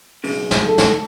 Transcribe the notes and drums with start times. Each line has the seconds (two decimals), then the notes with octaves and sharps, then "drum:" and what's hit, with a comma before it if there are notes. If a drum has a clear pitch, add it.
0.24 B1 F#2 C#3, drum: open hi-hat
0.51 drum: snare
0.66 A4
0.78 drum: snare